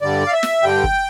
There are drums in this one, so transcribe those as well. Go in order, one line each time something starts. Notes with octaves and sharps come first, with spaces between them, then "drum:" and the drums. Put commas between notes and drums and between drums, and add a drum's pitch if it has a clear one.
G2 D3 G3 D5
F5
E5
drum: snare
G2 D3 G3 G5
drum: kick